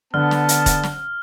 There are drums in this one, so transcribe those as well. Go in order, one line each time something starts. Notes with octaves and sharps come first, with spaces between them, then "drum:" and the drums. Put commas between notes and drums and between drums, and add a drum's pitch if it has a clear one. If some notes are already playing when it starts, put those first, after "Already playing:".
D3 B3 A5 F6
drum: snare
drum: hi-hat
drum: kick E1, hi-hat
drum: snare